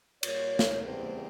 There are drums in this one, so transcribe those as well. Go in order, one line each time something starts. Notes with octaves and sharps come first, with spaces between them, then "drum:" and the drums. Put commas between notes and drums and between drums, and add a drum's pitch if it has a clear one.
A#2 G3 A#3 C#5, drum: cymbal
drum: snare
E2 C#3 E3 G3 C4 C5